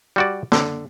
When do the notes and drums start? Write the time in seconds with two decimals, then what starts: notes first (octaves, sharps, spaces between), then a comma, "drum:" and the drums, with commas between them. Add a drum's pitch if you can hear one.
0.16 G3 F#4 D5
0.52 D3, drum: snare